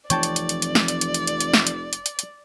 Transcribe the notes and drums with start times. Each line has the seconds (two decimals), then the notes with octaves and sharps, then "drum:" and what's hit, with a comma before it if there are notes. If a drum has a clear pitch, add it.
0.10 F1 E3 F3 C4 C#5 D5 G5 A5, drum: hi-hat
0.23 drum: hi-hat
0.36 drum: hi-hat
0.49 drum: hi-hat
0.62 drum: hi-hat
0.75 drum: snare
0.88 drum: hi-hat
1.01 drum: hi-hat
1.14 drum: hi-hat
1.27 drum: hi-hat
1.40 drum: hi-hat
1.54 drum: snare
1.67 drum: hi-hat
1.93 drum: hi-hat
2.06 drum: hi-hat
2.19 drum: hi-hat